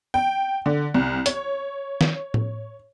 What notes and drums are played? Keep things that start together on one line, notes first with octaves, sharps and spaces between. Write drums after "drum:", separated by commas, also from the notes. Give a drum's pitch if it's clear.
G5
D3
C2
C#5, drum: hi-hat
drum: snare
drum: tom A2